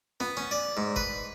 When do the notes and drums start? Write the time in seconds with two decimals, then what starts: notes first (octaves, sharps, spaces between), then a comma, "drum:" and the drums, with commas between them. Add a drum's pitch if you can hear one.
0.20 B3, drum: snare F4
0.37 C#4
0.51 D5
0.77 G#2
0.96 B4, drum: kick G1